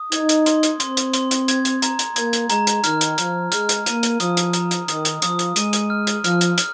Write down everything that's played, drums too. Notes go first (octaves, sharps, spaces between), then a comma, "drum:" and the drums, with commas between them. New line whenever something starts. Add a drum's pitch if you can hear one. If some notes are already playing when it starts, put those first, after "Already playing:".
Already playing: D#6
D#4 G#6, drum: hi-hat
drum: hi-hat
C6, drum: hi-hat
drum: hi-hat
C4 C6, drum: hi-hat
drum: hi-hat
C6, drum: hi-hat
drum: hi-hat
G#6, drum: hi-hat
drum: hi-hat
A#5, drum: hi-hat
drum: hi-hat
A#3 G#6, drum: hi-hat
drum: hi-hat
G#3 A#5, drum: hi-hat
drum: hi-hat
D#3 F6, drum: hi-hat
drum: hi-hat
F3 F6, drum: hi-hat
G#3 F6, drum: hi-hat
drum: hi-hat
A#3 D#7, drum: hi-hat
drum: hi-hat
F3 D#6, drum: hi-hat
drum: hi-hat
A#5, drum: hi-hat
drum: hi-hat
D#3 D#6, drum: hi-hat
drum: hi-hat
F3 D#6, drum: hi-hat
drum: hi-hat
G#3 D#7, drum: hi-hat
drum: hi-hat
F6
drum: hi-hat
F3 F6, drum: hi-hat
drum: hi-hat
F6, drum: hi-hat